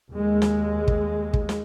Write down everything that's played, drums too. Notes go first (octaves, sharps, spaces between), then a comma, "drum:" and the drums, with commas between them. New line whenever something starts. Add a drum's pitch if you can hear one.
D#2 G#3
drum: snare
drum: kick
drum: kick
drum: snare